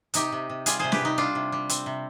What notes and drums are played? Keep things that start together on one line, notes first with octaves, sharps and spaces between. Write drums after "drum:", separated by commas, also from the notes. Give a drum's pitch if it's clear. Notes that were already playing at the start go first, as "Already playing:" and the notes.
C3 D#4 G4, drum: hi-hat
C3
C3
G3 F4 G#4, drum: hi-hat
C3 G#4 C5
G4 B4, drum: snare
C3 D#4
G3 D4 F4
C3
G3
C4, drum: hi-hat
C3